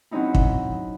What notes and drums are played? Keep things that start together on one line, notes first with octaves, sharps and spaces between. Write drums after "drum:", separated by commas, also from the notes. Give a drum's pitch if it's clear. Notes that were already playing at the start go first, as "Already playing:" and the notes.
F#3 C4 C#4 D#4 E4
drum: kick